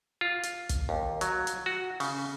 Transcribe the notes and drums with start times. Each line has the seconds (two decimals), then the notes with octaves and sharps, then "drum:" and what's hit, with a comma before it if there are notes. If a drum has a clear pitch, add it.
0.21 F4
0.44 drum: hi-hat
0.70 drum: kick, hi-hat
0.89 D#2
1.21 F#3, drum: hi-hat
1.47 drum: hi-hat
1.66 F#4
2.00 C#3, drum: open hi-hat